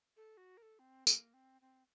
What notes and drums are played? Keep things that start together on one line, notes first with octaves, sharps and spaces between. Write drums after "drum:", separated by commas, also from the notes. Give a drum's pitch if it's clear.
A4
F#4
A#4
A4
C4
A#3, drum: tambourine
C4
C4